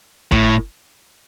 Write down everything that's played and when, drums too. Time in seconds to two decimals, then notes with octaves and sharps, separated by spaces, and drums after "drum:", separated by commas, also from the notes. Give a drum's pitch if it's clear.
0.32 A2, drum: kick